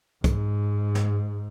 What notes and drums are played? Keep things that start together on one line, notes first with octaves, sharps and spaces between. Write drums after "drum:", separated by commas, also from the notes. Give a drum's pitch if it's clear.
G#2, drum: kick C2, hi-hat
drum: snare